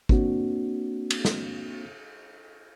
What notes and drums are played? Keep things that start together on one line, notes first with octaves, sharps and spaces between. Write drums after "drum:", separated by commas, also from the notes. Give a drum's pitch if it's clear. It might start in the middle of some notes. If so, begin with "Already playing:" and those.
A#3 C4 D4 F#4, drum: kick
drum: cymbal
drum: snare